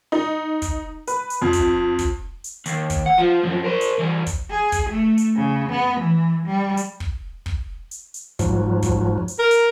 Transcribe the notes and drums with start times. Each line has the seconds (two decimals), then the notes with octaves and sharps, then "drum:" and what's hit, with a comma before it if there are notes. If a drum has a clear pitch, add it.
0.12 D#4
0.62 drum: kick, hi-hat
1.08 B4, drum: hi-hat
1.30 drum: hi-hat
1.42 F2
1.53 drum: kick, hi-hat
1.99 drum: kick, hi-hat
2.44 drum: hi-hat
2.66 D#2, drum: hi-hat
2.90 drum: kick, hi-hat
3.06 F#5
3.18 F3 F4
3.43 F#2 F3
3.64 A#4 C5
3.81 drum: hi-hat
3.99 E3 G3
4.27 drum: kick, hi-hat
4.50 G#4
4.72 drum: kick, hi-hat
4.90 A3
5.18 drum: hi-hat
5.36 C#3
5.70 B3
6.00 E3
6.46 G3
6.77 drum: hi-hat
7.00 drum: kick
7.46 drum: kick
7.91 drum: hi-hat
8.14 drum: hi-hat
8.39 G#2 F3 F#3, drum: kick, hi-hat
8.83 drum: kick, hi-hat
9.28 drum: hi-hat
9.39 A#4
9.51 drum: hi-hat